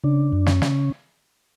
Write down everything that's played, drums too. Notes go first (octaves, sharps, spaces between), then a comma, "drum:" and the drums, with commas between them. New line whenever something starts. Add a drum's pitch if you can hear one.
C#3 D4
F#2
C#4, drum: snare
C#3, drum: snare